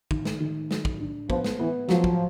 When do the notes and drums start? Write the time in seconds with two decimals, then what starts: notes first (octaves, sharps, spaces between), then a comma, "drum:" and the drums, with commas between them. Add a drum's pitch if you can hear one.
0.11 D#3, drum: kick
0.25 drum: snare
0.40 D#3
0.71 F#3, drum: snare
0.85 drum: kick
1.00 D4
1.30 F3 B3, drum: kick
1.44 drum: snare
1.59 E3 B3
1.89 F3 F#3, drum: snare
2.04 drum: kick